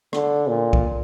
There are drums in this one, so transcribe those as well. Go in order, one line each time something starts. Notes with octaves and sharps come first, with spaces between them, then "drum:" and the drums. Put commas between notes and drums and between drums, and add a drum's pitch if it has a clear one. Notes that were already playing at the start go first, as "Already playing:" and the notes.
D3, drum: rim click
A#2
drum: kick C2